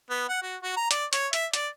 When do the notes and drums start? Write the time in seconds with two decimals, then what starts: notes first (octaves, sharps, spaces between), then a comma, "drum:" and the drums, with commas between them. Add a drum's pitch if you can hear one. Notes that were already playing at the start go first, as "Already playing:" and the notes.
0.10 B3
0.29 F#5
0.42 F#4
0.62 F#4
0.76 A#5
0.91 D5, drum: hi-hat
1.13 C#5, drum: hi-hat
1.33 E5, drum: hi-hat
1.54 D5, drum: hi-hat